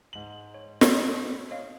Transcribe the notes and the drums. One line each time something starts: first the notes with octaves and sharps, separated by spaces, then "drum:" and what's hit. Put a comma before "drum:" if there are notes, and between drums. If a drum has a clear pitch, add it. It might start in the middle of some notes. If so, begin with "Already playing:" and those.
G#2 F#7
C#5
G#4 C5 D#5, drum: snare
C#5 D#5 F5